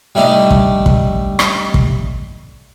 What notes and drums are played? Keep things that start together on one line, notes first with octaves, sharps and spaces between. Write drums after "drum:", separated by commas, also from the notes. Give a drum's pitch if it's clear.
G3 A3 D4 D#4
drum: kick
drum: kick
drum: rim click
drum: kick